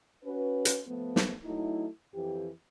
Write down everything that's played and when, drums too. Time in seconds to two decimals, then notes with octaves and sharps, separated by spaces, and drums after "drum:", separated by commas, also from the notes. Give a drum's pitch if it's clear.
0.24 C#4 F#4 B4
0.65 drum: hi-hat
0.88 F3 A3 B3
1.16 drum: snare
1.45 F#3 A3 D#4 E4
2.14 F2 E3 G4